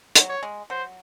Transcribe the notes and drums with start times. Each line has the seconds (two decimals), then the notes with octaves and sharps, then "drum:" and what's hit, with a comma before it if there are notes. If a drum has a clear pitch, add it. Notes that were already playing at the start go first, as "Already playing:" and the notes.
0.15 F#3, drum: hi-hat
0.29 C#5
0.43 G#3
0.70 F#3 C5